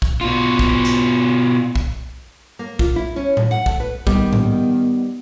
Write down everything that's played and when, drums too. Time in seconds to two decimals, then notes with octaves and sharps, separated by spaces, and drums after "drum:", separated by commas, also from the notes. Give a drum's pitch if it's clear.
0.02 drum: kick
0.21 B2 F4
0.59 drum: kick
0.85 drum: hi-hat
1.76 drum: kick
2.59 A#3
2.79 F4, drum: kick
2.96 E4
3.16 C#4
3.37 D#2, drum: tom A2
3.51 F#5
3.66 A3, drum: kick
3.80 B4
4.07 D#3 G3 B3, drum: kick
4.33 drum: tom G#2